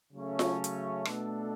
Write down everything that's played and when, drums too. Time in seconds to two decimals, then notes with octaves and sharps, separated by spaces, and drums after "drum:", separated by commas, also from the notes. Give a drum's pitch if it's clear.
0.13 C#3 F#3 A3 C#4
0.39 drum: snare F4
0.64 drum: hi-hat
1.05 B2 A3 D4 A4, drum: rim click